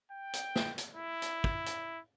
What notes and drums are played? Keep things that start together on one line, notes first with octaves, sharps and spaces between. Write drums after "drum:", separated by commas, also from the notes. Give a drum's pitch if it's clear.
G5
drum: hi-hat
drum: snare
drum: hi-hat
E4
drum: hi-hat
drum: kick
drum: hi-hat